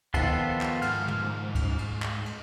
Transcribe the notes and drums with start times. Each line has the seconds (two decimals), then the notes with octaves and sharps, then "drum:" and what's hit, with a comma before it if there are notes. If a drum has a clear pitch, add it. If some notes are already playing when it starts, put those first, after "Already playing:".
0.14 D#3 F3 B3 F4 A4, drum: kick, cymbal
0.61 drum: clap
0.82 G#2 F6, drum: cymbal
1.08 drum: tom
1.55 drum: kick, cymbal
1.79 drum: cymbal
2.02 drum: clap
2.26 drum: cymbal